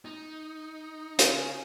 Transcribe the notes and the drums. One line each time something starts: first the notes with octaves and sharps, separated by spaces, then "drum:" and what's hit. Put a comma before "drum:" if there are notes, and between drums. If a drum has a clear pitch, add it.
D#4
C#4 G#4, drum: hi-hat